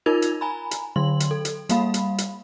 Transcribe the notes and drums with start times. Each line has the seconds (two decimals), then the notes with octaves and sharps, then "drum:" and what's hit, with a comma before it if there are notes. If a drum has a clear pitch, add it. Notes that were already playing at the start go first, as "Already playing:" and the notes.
0.06 D#4 F4 A#4 G#6 F7
0.22 drum: hi-hat
0.41 G#5 A#5 B5
0.71 drum: hi-hat
0.96 D3 F#3 C6 F#7
1.20 drum: hi-hat
1.31 A4
1.45 drum: hi-hat
1.69 G3 A#3 F5 B5, drum: hi-hat
1.94 drum: hi-hat
2.18 drum: hi-hat